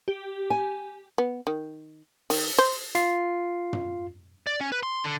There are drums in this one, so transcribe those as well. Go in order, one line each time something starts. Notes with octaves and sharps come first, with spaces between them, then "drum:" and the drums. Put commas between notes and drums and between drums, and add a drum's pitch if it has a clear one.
G4
G#5
B3
D#3
D#3, drum: open hi-hat
C5
F4 C7, drum: hi-hat
drum: tom
D5
C#4
B4
C6
D3